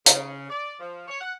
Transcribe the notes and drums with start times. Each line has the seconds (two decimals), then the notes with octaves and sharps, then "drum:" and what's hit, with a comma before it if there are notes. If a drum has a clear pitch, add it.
0.06 C#3, drum: hi-hat
0.50 D5
0.80 F3
1.08 C#5
1.20 F#5